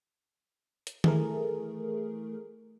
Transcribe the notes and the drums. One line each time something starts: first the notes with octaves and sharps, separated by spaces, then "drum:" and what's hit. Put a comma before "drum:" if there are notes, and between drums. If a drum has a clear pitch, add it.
drum: hi-hat
E3 A3 G#4 A#4, drum: tom D#3